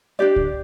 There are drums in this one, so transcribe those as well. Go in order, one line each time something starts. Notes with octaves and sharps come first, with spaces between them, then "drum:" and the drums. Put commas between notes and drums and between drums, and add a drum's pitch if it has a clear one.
D4 G4 D5
drum: kick C#2